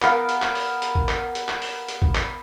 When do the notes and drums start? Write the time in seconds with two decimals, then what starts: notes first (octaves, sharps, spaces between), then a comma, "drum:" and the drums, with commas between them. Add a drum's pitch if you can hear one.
0.02 B3 A#4 F5 A5, drum: clap
0.29 drum: hi-hat
0.42 drum: clap
0.55 drum: open hi-hat
0.82 drum: hi-hat
0.95 drum: kick
1.09 drum: clap
1.35 drum: hi-hat
1.49 drum: clap
1.62 drum: open hi-hat
1.88 drum: hi-hat
2.02 drum: kick
2.15 drum: clap